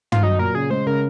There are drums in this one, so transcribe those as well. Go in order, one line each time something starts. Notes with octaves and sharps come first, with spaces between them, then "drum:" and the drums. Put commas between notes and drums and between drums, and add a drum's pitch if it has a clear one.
F4, drum: tom
F#3 D#4
A#2 A#4
C#3 G#4
G#3 C5
C#3 A#4